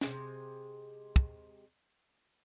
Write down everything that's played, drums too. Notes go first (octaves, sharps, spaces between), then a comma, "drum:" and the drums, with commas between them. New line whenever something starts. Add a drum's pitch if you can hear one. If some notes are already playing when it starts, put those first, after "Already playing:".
C3 D#3 G#3, drum: snare
drum: kick